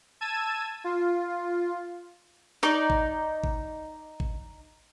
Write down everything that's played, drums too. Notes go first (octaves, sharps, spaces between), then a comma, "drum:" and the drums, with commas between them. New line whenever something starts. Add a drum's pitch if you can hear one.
A5 E6 G#6 D#7
F4
D#4 D5, drum: snare
drum: kick G#1
drum: kick G#1
drum: kick G#1